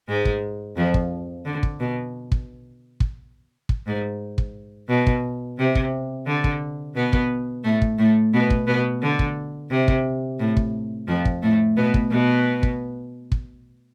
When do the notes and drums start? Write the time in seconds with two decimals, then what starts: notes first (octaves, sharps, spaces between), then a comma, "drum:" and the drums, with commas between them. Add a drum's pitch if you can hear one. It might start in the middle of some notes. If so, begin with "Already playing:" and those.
0.08 G#2 G#3
0.25 drum: kick
0.77 F2 F3
0.94 drum: kick
1.45 D3
1.63 drum: kick
1.80 B2
2.32 drum: kick
3.00 drum: kick
3.69 drum: kick
3.87 G#2
4.38 drum: kick
4.89 B2
5.07 drum: kick
5.58 C3
5.75 drum: kick
6.27 D3
6.44 drum: kick
6.95 B2 B3
7.13 drum: kick
7.64 A2 A3
7.82 drum: kick
7.98 A2 A3
8.34 B2 B3
8.50 drum: kick
8.67 B2 B3
9.02 D3
9.19 drum: kick
9.71 C3
9.88 drum: kick
10.39 A2
10.57 drum: kick
11.08 F2 F3
11.25 drum: kick
11.42 A2 A3
11.77 B2 B3
11.94 drum: kick
12.11 B2 B3
12.63 drum: kick
13.32 drum: kick